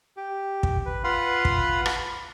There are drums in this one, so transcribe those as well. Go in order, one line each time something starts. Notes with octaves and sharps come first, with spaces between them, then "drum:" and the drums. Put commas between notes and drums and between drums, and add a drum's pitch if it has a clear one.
G4
drum: kick
B4
F4 B4 F5 F#5 B5 C6
drum: kick
drum: rim click